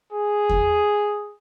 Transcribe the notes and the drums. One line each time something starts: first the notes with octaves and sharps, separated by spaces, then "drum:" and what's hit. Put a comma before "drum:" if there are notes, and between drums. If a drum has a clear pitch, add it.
G#4
drum: kick E2